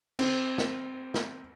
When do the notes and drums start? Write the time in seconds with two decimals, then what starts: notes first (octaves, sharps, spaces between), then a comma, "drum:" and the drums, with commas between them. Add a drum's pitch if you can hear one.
0.19 C4, drum: cymbal
0.58 drum: snare
1.14 drum: snare